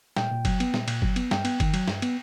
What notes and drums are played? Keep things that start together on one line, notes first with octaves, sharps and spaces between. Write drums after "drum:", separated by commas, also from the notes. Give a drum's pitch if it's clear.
A#2 G5, drum: snare
A#2
F#3, drum: kick F#1, cymbal
B3, drum: cymbal
A#2, drum: snare
A#2, drum: cymbal
F#3, drum: kick F#1
B3, drum: cymbal
G2 G5, drum: snare
B3, drum: cymbal
D#3, drum: kick F#1, cymbal
F#3, drum: cymbal
G2, drum: snare
B3, drum: cymbal